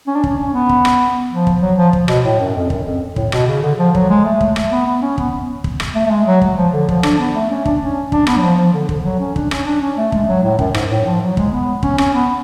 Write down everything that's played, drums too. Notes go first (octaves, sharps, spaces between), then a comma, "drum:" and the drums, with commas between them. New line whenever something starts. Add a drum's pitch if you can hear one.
C#4
D4
C#4, drum: kick
C#4
B3
drum: kick
drum: rim click
F3
drum: kick
F#3
F3
drum: kick
B2, drum: rim click
A2
F#2
F2
F#2, drum: kick
F2
A2, drum: kick
B2, drum: rim click
C#3
D3
F3
F#3, drum: kick
G#3
A3
drum: kick
drum: rim click
B3
B3
C#4
B3, drum: kick
drum: kick
drum: rim click
A3
A3
G#3
F#3
F#3, drum: kick
F3
D3
F3, drum: kick
D4, drum: rim click
B3
A3
C#4
D4, drum: kick
C#4
D4, drum: kick
B3, drum: rim click
F#3
F3
F3
D3
D3, drum: kick
F#3
C#4
D4, drum: kick
C#4, drum: rim click
D4
C#4
A3
G#3, drum: kick
F#3
A2
F#2, drum: kick
G#2, drum: rim click
A2
F3
F#3
G#3, drum: kick
B3
C#4, drum: kick
C#4, drum: rim click
B3